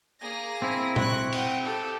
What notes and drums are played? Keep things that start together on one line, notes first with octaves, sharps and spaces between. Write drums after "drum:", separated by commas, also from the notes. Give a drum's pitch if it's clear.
A#3 G#4 A#6
C4 E4
C#6 F#6, drum: tom A#2
F#5 G5 D#6, drum: cymbal
G4 A4